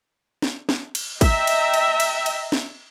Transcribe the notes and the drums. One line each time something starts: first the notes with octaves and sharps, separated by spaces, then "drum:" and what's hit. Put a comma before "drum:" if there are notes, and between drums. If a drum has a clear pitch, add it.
drum: snare
drum: snare
drum: cymbal
D#5 E5 G5 A#5, drum: kick, cymbal
drum: cymbal
drum: cymbal
drum: cymbal
drum: cymbal
drum: snare